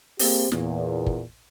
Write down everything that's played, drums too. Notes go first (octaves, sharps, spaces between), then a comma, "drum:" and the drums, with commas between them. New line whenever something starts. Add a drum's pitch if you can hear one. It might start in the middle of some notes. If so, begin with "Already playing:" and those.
A#3 C4 G4 G#4, drum: open hi-hat
E2 A#2, drum: snare
drum: kick